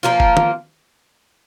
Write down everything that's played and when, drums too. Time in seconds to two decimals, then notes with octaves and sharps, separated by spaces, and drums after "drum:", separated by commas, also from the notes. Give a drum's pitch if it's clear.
0.03 F3 A#3 F4
0.20 drum: kick F1
0.37 drum: tom